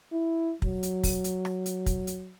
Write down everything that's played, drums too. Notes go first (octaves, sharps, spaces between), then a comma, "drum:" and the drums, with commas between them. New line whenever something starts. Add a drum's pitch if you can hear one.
E4
F#3, drum: kick
drum: hi-hat
drum: kick, open hi-hat
drum: hi-hat
drum: rim click
drum: hi-hat
drum: kick, hi-hat
drum: hi-hat